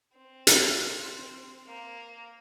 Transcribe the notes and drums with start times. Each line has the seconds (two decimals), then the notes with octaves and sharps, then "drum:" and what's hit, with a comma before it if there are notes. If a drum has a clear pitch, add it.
0.17 C4
0.47 drum: hi-hat
1.68 A#3